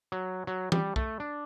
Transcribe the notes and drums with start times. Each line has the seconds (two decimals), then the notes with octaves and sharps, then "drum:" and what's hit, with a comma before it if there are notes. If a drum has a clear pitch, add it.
0.12 F#3
0.47 F#3
0.72 G3, drum: tom
0.96 A3, drum: kick
1.20 D4